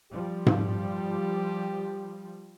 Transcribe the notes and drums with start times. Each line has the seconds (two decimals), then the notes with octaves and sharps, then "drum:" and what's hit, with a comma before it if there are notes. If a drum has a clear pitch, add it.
0.12 F3 G3 G4
0.46 drum: tom G#2